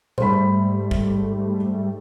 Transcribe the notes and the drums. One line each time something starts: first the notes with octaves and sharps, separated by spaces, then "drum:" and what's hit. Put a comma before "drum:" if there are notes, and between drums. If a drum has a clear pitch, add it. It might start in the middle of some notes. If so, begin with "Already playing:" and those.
G#2 G3 A3 C5 B5, drum: tom A#2
drum: kick G#1